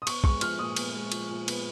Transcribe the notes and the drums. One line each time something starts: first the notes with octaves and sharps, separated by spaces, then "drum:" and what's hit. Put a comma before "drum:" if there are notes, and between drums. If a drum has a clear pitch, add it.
D#6
B3 C#6, drum: cymbal
G#3 C#6, drum: kick
F3 F6, drum: cymbal
A#2 D#6
B3, drum: cymbal
G#3
F3, drum: cymbal
A#2
B3, drum: cymbal